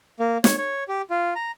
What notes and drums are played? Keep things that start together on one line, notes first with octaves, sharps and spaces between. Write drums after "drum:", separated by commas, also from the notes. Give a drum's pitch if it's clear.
A#3
C#5, drum: snare
C#5
G4
F4
A#5